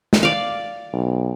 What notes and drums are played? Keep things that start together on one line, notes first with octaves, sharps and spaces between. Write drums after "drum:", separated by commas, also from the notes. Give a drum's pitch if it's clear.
drum: snare
D5 F5
B1